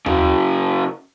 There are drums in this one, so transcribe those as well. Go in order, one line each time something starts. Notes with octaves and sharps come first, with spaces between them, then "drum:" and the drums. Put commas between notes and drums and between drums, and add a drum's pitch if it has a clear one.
C#3 F#3, drum: tom D#2